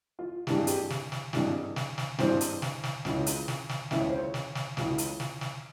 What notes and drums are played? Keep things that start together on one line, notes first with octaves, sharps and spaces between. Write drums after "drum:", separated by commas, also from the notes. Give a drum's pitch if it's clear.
F4
G#1 G2 E3 G4, drum: snare
G#4
G4, drum: hi-hat
drum: snare
drum: snare
G#1 G2 E3, drum: snare
drum: snare
drum: snare
G#1 G2 E3 C5, drum: snare
drum: hi-hat
drum: snare
drum: snare
C#2 C#3 E3, drum: snare
drum: hi-hat
drum: snare
drum: snare
C#2 C#3 E3 E5, drum: snare
C#5
C5
C#5
drum: snare
drum: snare
C#2 C#3 E3, drum: snare
drum: hi-hat
drum: snare
drum: snare